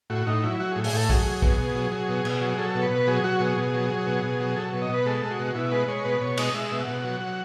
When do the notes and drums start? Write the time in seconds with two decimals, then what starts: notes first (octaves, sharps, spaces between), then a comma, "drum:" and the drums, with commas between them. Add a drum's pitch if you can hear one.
0.10 A2 F#4
0.27 A2 D#4
0.43 F#3 E4
0.59 F#3 F#4
0.72 G#4
0.76 A2
0.84 G#4, drum: open hi-hat
0.93 A2 A4
1.10 F#3 G#4, drum: kick
1.25 F#3
1.42 B2, drum: kick
1.59 B2
1.75 F#3
1.92 F#3
2.09 B2
2.25 B2, drum: cymbal
2.41 F#3
2.58 F#3 A4
2.75 B2
2.83 B4
2.90 B2
3.08 F#3 G#4
3.24 F#3 F#4
3.40 B2 G#4
3.57 B2
3.74 F#3
3.90 F#3
4.07 B2
4.23 B2
4.40 F#3
4.56 F#3 A4
4.73 B2
4.82 D#5
4.90 B2 B4
5.06 G#3 A4
5.23 G#3
5.31 F#4
5.39 B2
5.55 B2 E4
5.71 G#3 B4
5.88 G#3 C#5
6.05 B2 B4
6.21 B2 C#5
6.37 G#3 D#5, drum: cymbal
6.54 G#3 E5
6.71 B2
6.79 F#5
6.88 B2
7.04 F#3
7.21 F#3